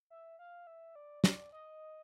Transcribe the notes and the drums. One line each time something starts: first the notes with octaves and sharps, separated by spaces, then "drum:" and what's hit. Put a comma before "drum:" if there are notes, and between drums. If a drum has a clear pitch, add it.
E5
F5
E5
D5
D5, drum: snare
D#5